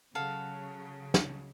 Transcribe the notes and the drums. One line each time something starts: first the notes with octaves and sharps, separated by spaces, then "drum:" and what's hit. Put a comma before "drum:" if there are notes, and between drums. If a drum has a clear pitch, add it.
C#3 F#3 A4 F5 F#5
drum: snare